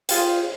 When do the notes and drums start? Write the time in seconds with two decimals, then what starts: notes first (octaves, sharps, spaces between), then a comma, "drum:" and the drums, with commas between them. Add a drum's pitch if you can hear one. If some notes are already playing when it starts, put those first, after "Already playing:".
0.09 F4 G#4 C5 G5, drum: hi-hat